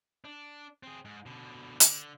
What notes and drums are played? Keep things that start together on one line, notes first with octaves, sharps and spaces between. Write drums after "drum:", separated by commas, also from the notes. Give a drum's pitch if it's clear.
D4
C4 G#4
G#2
B2 D3
D3, drum: hi-hat